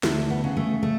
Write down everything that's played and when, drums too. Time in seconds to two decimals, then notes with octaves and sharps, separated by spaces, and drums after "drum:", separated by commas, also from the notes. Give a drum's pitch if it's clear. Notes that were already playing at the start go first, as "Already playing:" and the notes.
0.03 D2 A3, drum: snare
0.30 B3
0.44 C#3
0.57 A3
0.83 A3